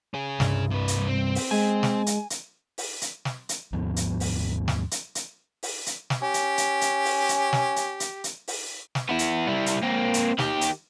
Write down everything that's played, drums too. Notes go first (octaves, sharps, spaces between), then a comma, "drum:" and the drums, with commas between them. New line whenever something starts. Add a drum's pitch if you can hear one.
C#4 G#4
C2 G2, drum: snare
C3 B4
drum: hi-hat
C4
drum: open hi-hat
G#3 G#5
drum: snare
drum: hi-hat
drum: hi-hat
drum: open hi-hat
drum: hi-hat
drum: snare
drum: hi-hat
D#2 G#2 F3 B3
drum: hi-hat
drum: open hi-hat
drum: snare
drum: hi-hat
drum: hi-hat
drum: open hi-hat
drum: hi-hat
drum: snare
C#4 G4
drum: hi-hat
drum: hi-hat
drum: hi-hat
drum: open hi-hat
drum: hi-hat
drum: snare
drum: hi-hat
drum: hi-hat
drum: hi-hat
drum: open hi-hat
drum: snare
B3 E4
drum: hi-hat
G3 E4
drum: hi-hat
A#3 C4
drum: hi-hat
D#3 G4, drum: snare
drum: hi-hat